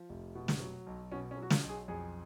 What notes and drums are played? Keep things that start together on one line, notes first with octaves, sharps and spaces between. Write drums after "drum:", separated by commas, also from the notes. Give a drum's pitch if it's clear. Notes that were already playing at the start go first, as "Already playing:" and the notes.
Already playing: F3
F1
B2
drum: snare
F#3
B1
B2 C#4
C#4
F#3
F#4
F4, drum: snare
B1
G#4
F2 G#4